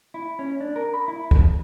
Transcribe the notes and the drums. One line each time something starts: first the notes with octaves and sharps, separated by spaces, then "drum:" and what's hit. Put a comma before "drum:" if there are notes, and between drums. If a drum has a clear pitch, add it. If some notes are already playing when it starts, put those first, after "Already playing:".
E4
C#4
D4
A#4
B5
E4
F2, drum: kick